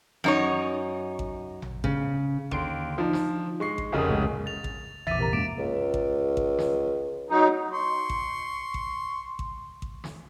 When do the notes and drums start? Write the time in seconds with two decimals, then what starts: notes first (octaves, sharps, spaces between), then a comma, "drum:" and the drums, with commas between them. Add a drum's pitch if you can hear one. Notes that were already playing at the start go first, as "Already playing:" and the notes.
0.24 F#2 D#4 C#5
1.19 drum: kick A1
1.62 drum: tom A1
1.84 C#3, drum: kick A1
2.51 D#2 D3 C6 D7, drum: kick A1
2.98 F3 D4 D#4
3.13 drum: snare
3.60 G#3 C#6 C7
3.78 drum: kick A1
3.92 F1 C#3 G#4 A#4 D#5
4.09 C#2 A2 G#3
4.46 A6 F7
4.64 drum: kick A1
5.07 A#1 E2 E5 D6 A6 B6 D#7, drum: tom A1
5.19 C3 A#4 A#5
5.33 F#2 G#3 A#3 D6 D7 E7
5.58 C#2
5.94 drum: kick A1
6.37 drum: kick A1
6.58 drum: snare
7.30 F#3 D#4
7.71 C6 C#6
8.10 drum: kick A1
8.74 drum: kick A1
9.39 drum: kick A1
9.82 drum: kick A1
10.04 drum: snare